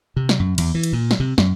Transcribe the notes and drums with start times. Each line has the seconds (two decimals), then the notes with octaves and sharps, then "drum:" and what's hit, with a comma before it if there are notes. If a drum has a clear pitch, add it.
0.16 C3
0.29 drum: snare
0.40 F#2
0.58 E2, drum: cymbal
0.75 E3
0.84 drum: cymbal
0.93 A#2
1.11 drum: snare
1.20 C3
1.38 F#2, drum: snare